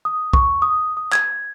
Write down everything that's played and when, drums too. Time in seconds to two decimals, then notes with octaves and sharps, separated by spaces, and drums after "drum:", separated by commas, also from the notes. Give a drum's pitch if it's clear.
0.05 D#6
0.33 C#6, drum: kick B1
0.62 D#6
0.97 D#6
1.12 G#6, drum: clap